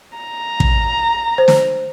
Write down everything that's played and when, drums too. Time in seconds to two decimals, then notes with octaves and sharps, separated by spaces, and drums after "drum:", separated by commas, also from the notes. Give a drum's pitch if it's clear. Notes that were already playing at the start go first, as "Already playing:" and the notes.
0.18 A#5
0.60 drum: kick
1.38 C5
1.48 drum: snare